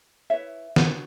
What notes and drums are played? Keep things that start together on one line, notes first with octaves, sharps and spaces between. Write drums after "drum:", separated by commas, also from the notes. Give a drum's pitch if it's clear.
E4 B4 C#5 E5
D4 F#4 B4, drum: snare